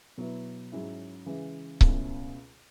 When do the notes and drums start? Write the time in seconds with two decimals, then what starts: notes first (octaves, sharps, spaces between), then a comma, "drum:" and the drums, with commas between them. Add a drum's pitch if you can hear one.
0.17 B2 F#3 B3 E4
0.72 G#2 F#3 C#4 E4
1.26 C#3 E3 G#3
1.81 C#2 B2 A3 C#4 E4, drum: kick C#1